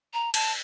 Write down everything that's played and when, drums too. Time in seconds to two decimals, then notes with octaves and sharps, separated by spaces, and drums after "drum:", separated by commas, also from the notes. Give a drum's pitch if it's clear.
0.14 A#5
0.34 A5, drum: cymbal